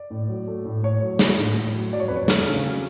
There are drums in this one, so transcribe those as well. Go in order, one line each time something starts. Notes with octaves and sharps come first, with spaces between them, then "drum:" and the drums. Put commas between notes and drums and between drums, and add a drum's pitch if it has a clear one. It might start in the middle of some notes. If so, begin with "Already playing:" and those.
Already playing: D5
A2
F#3
A3
A2
A2 C#5
F#3
A3, drum: snare
A2
A2
F#3
F#3 D5
C#5
F2 B4
C#5
A3, drum: snare
C#3
F#3